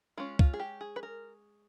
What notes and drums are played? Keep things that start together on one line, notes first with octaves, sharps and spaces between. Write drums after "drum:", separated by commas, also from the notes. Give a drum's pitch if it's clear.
G#3 C#4 F4
F4, drum: kick
G#4
G4
G#4
B4
A#4